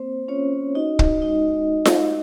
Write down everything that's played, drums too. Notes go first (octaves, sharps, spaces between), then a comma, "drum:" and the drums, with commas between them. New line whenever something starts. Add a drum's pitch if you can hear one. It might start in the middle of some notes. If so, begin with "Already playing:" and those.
Already playing: A#3 C4 C5
C#4 F4 C#5
D#4 F#4 D#5
drum: kick
G#3 D#4 D#5
drum: snare F4